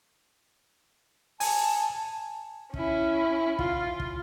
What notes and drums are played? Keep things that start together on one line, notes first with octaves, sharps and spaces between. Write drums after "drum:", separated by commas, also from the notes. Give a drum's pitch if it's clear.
G#5 A5, drum: open hi-hat
C#4 E4, drum: kick
F4, drum: kick
drum: kick